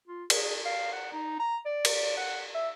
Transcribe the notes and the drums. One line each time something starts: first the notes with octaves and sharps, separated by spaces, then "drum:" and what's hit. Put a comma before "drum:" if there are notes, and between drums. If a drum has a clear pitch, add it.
F4
G#4, drum: cymbal
F5
F#5
D#4
A#5
D5
drum: cymbal
F#5
E5